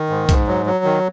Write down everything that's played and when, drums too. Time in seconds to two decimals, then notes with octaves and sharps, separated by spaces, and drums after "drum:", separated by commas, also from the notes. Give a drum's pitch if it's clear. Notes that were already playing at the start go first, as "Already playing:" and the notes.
Already playing: D#3
0.10 G#2
0.29 G#2, drum: kick, hi-hat
0.47 F#3
0.66 F#3
0.84 D#3